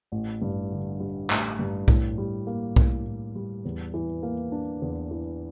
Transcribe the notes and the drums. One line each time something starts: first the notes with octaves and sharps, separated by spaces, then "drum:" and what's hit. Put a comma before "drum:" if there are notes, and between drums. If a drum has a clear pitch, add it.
A1
G2
D3
G3
A1, drum: clap
G2
A2, drum: kick B1
G3
A#3
A2, drum: kick B1
A2
G3
E2
E3
A#3
D4
E2
E3